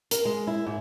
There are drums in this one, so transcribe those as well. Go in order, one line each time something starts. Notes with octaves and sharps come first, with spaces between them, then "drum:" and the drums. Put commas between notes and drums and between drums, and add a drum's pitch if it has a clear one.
A#4, drum: hi-hat
G#3
E4
G#2